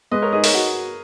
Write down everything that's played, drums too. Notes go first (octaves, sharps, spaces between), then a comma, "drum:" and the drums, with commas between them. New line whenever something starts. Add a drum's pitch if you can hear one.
G#3 B4 D#5
A#4 C#5
D#4 G#4 B4
A#4 C#5, drum: open hi-hat
F#4